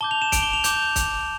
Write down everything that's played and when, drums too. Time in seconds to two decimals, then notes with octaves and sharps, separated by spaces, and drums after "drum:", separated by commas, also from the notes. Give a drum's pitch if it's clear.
0.01 A5 D6 G6 G7
0.11 F7
0.22 E7
0.32 D7, drum: kick, hi-hat
0.43 G7
0.53 F7
0.64 D6 G6 F7, drum: hi-hat
0.96 drum: kick, hi-hat